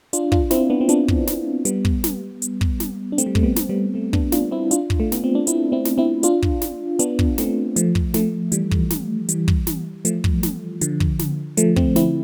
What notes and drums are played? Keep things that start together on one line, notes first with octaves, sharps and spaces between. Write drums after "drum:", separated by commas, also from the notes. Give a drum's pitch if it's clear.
D4 F4, drum: hi-hat
D4 F4, drum: kick
C4 E4, drum: snare
B3 D4
C4
B3 D4, drum: hi-hat
drum: kick
drum: snare
G3 B3, drum: hi-hat
drum: kick
drum: snare
drum: hi-hat
drum: kick
drum: snare
D4
A3 C4, drum: hi-hat
G3
A3, drum: kick
G3 B3
drum: snare
G3 B3
A3 C4
B3 D4, drum: kick
D4 F4, drum: snare
C4 E4
D4 F4, drum: hi-hat
drum: kick
A3
B3, drum: snare
C4
D4
C4 E4, drum: hi-hat
C4 E4
drum: snare
C4 E4
D4 F4, drum: hi-hat
drum: kick
drum: snare
B3 D4, drum: hi-hat
drum: kick
A3 C4, drum: snare
F3 A3, drum: hi-hat
drum: kick
F3 A3, drum: snare
E3 G3, drum: hi-hat
drum: kick
drum: snare
E3 G3, drum: hi-hat
drum: kick
drum: snare
F3 A3, drum: hi-hat
drum: kick
drum: snare
D3 F3, drum: hi-hat
drum: kick
drum: snare
F3 A3, drum: hi-hat
A3 C4, drum: kick
C4 E4, drum: snare